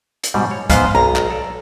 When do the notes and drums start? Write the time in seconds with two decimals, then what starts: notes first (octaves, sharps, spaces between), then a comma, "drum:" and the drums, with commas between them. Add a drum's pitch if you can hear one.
0.24 drum: hi-hat
0.34 G#2 B2 G3
0.51 C#5
0.70 G#2 B3 B4 C5 D#5 F5, drum: kick C2, hi-hat
0.95 B1 A#5
1.16 drum: clap
1.31 A4 D5